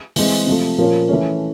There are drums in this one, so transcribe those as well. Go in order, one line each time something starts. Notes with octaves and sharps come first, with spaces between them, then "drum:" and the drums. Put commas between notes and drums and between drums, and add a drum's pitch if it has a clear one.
E3 G#3 C4, drum: open hi-hat
C3 F3 A3
A#2 F3 A#3 C#4
E3 A3 C#4